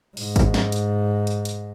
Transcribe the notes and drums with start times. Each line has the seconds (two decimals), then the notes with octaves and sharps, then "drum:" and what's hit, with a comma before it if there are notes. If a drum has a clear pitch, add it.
0.17 G#2, drum: open hi-hat
0.36 drum: kick G#1, hi-hat
0.54 drum: snare
0.72 drum: hi-hat
1.27 drum: hi-hat
1.45 drum: hi-hat